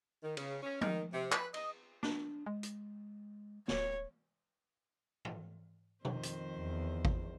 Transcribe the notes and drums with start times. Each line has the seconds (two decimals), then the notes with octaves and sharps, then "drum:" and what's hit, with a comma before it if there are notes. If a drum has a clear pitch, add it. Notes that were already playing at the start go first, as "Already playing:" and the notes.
0.23 D#3
0.37 C#3, drum: cymbal
0.63 C#4
0.81 D#3, drum: tom F3
1.13 C3
1.32 B4, drum: clap
1.54 D#5, drum: cymbal
2.03 D4, drum: snare
2.46 G#3
2.63 drum: hi-hat
3.68 D1 C#5, drum: snare
5.25 drum: tom
6.05 F2 D#3 C5, drum: tom B2
6.23 drum: hi-hat
6.57 E2
7.05 drum: kick G#1